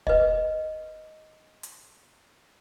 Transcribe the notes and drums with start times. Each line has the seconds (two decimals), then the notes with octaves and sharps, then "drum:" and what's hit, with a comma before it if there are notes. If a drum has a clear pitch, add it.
0.07 B4 D#5, drum: kick
1.63 drum: hi-hat